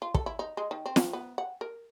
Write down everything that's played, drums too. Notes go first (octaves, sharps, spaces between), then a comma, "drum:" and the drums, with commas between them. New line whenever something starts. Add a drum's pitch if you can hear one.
F4
A4, drum: kick
E4
D#4
G#3
D#3
C4
drum: snare
B3
F#5
A#4